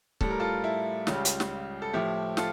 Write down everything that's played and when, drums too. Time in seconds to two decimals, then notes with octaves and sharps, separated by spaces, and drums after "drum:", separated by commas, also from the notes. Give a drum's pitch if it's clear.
0.21 A2 G3 A4, drum: kick C#1
0.30 A#4
0.40 F4 A4
0.64 E4
1.07 C#2 C#3 G3 F4, drum: snare
1.25 drum: hi-hat
1.40 drum: snare
1.82 A4
1.93 A2 F3 E4 G4
2.37 F4 A4, drum: snare